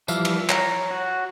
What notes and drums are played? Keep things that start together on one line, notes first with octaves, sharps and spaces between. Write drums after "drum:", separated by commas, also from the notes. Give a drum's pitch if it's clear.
E3 F3 G3 E5 F5, drum: tambourine
drum: cymbal
C#5 A#5, drum: clap
F#4